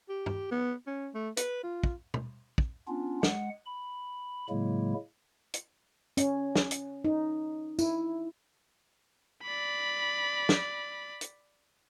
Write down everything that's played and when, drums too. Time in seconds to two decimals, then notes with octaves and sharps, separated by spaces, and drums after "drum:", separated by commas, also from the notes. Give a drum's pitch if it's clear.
0.09 G4
0.26 drum: tom G2
0.51 B3
0.87 C#4
1.15 A3
1.37 B4, drum: hi-hat
1.63 F4
1.83 drum: kick
2.14 drum: tom
2.58 drum: kick
2.88 B3 C#4 D4 F4
3.23 G#3 F#5, drum: snare
3.66 B5
4.50 A2 C#3 F#3 G#3 A#3 E4
5.54 drum: hi-hat
6.17 C#4, drum: hi-hat
6.55 drum: snare
6.71 drum: hi-hat
7.05 D#4
7.79 E4, drum: tambourine
9.43 D5 B5
10.49 drum: snare
11.21 drum: hi-hat